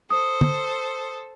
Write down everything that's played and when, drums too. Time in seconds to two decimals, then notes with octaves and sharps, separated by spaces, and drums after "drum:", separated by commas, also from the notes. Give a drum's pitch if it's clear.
0.10 A4 C5 D#6
0.41 drum: tom